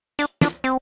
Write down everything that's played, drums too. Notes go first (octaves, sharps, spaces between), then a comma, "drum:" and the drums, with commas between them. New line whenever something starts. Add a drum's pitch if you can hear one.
D4, drum: hi-hat
D4, drum: snare
C4, drum: hi-hat